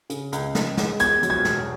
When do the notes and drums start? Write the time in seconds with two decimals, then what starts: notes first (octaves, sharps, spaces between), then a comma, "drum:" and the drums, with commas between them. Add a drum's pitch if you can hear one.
0.10 C#3, drum: hi-hat
0.32 C#2, drum: hi-hat
0.55 C#2, drum: snare
0.77 G#3, drum: snare
0.99 E2 G#6, drum: hi-hat
1.23 F#3, drum: hi-hat
1.30 G#6
1.45 E1, drum: snare